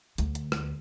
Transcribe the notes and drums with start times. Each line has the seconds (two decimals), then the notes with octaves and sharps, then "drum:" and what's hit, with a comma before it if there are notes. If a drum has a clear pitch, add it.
0.18 D2, drum: hi-hat
0.35 drum: hi-hat
0.52 drum: rim click